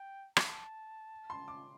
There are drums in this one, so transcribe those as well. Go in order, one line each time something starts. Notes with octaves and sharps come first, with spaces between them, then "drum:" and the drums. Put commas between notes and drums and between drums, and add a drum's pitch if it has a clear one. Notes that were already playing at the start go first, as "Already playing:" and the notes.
Already playing: G5
A5, drum: rim click
C6
D6